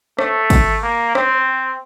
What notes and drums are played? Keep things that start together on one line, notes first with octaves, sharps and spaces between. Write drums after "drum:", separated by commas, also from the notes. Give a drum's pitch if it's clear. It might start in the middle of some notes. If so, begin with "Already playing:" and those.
A3, drum: rim click
drum: kick, cymbal
A#3
C4, drum: rim click